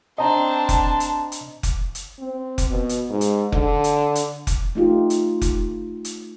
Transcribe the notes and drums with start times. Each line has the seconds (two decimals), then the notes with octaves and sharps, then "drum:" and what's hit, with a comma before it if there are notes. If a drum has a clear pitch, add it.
0.18 C4 D4 D#5 A5 A#5
0.69 drum: kick F1, hi-hat
1.00 drum: hi-hat
1.32 drum: hi-hat
1.63 drum: kick F1, hi-hat
1.95 drum: hi-hat
2.20 C4
2.58 drum: kick F1, hi-hat
2.70 B2
2.89 drum: hi-hat
3.10 G#2
3.21 drum: hi-hat
3.52 D3, drum: kick F1
3.84 drum: hi-hat
4.15 drum: hi-hat
4.47 drum: kick F1, hi-hat
4.75 A3 D#4 F4 G4
5.10 drum: hi-hat
5.42 drum: kick F1, hi-hat
6.05 drum: hi-hat